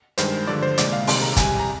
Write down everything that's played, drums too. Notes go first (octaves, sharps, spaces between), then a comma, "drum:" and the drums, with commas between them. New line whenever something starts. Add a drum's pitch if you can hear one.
G2 D#3 G#3 C5, drum: hi-hat
G2 D3 F3 D5
C5
C2 A#2 G#3 D5, drum: hi-hat
F5
C2 C3 D#3 C6, drum: open hi-hat
A#5
C2 C3 G3 G#5, drum: kick, hi-hat
A#5